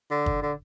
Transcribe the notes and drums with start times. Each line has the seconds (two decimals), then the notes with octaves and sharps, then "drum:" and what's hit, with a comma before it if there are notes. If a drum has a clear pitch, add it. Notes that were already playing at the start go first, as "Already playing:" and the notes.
0.11 D3
0.26 drum: kick
0.42 D3